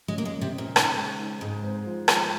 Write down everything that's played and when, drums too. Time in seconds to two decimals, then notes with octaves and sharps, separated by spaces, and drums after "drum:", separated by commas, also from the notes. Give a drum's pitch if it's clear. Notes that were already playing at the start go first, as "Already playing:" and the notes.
0.08 C#3 G#3
0.18 A#3
0.25 G#3
0.30 C#3
0.41 C3
0.53 A#2 C4
0.76 D#4, drum: rim click
0.97 G#3
1.19 D#4
1.41 G#2 G#3
1.63 C4
1.85 F3
2.08 G#3, drum: rim click